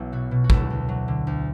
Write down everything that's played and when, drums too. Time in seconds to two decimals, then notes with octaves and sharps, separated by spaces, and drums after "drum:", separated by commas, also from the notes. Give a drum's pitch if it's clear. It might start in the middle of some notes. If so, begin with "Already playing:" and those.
Already playing: B1 F#3 E4
0.12 B2 F#4
0.31 B2
0.44 F#4
0.50 D2 E4 A4, drum: kick
0.70 D2
0.89 F#3
1.08 D3
1.27 D2